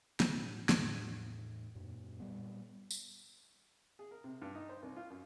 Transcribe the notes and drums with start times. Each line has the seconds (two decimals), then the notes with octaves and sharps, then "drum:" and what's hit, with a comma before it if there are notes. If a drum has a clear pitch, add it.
0.20 B2 D#3 A#3 C4, drum: snare
0.39 A2
0.69 E2 A2, drum: snare
1.75 F#2 A#2
2.20 A#2 G3 B3
2.91 drum: tambourine
3.99 G#4
4.11 A#4
4.24 C3
4.42 G2
4.55 D#4
4.69 C5
4.83 C2
4.96 F4
5.10 F#2